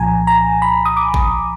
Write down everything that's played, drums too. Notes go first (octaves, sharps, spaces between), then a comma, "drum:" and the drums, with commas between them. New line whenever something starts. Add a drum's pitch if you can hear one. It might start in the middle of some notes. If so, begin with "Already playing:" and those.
Already playing: C2 A#2 F3 G#5 A#5
A#5
B5
D#6
D6
drum: kick G#1